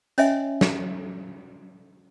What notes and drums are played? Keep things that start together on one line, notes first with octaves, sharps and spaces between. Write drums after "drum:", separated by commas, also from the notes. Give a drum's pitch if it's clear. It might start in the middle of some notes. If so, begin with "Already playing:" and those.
C#4 C#5 D#5 E5 G#5, drum: hi-hat
drum: snare